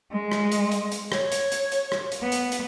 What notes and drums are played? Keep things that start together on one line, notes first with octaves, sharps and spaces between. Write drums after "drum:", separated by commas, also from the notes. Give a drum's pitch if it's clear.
G#3
drum: rim click
drum: hi-hat
drum: hi-hat
drum: hi-hat
C#5, drum: rim click
drum: hi-hat
drum: hi-hat
drum: hi-hat
drum: rim click
drum: hi-hat
B3
drum: hi-hat
drum: hi-hat